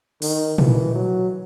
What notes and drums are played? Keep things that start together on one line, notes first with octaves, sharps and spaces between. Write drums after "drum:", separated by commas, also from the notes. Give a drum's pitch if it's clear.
D#3, drum: open hi-hat
E3, drum: tom A#2
F#3